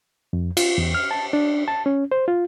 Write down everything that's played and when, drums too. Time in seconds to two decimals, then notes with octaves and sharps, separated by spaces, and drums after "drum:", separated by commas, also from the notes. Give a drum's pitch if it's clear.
0.33 F2
0.57 F4, drum: cymbal
0.78 E2
0.95 F6
1.11 A5
1.33 D4
1.68 A5
1.86 C#4
2.12 C5
2.28 F4